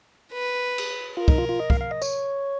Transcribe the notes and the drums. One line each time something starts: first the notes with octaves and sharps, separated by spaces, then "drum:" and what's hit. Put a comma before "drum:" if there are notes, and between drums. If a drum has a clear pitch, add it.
B4
drum: cymbal
F4 A#4
D#4, drum: kick
F4
F4
D#5
F5, drum: kick
F5
D#5
C#5, drum: tambourine